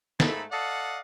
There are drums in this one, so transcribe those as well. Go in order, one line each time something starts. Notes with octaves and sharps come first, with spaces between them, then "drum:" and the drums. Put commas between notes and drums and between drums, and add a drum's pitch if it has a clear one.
G#2 A3 A#3 A4 B5, drum: snare
A4 D5 D#5 F5 F#5